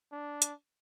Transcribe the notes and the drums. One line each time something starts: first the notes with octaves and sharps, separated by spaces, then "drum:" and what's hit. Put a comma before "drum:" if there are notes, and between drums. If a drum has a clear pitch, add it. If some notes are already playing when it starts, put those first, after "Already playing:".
D4
drum: hi-hat